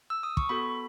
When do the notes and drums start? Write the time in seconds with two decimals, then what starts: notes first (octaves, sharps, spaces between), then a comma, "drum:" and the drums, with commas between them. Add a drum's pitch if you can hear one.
0.10 E6
0.23 D#6
0.37 C#6, drum: kick
0.49 B3 F#4 A4 B5